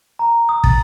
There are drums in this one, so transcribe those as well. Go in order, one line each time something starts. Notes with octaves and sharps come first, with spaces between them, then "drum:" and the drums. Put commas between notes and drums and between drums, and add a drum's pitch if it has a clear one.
A#5
D#6
A6, drum: kick